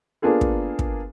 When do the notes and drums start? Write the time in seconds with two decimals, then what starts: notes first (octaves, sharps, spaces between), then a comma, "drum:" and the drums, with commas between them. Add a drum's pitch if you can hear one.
0.22 A#3 B3 D4 F4 G#4 A4
0.41 drum: kick
0.79 drum: kick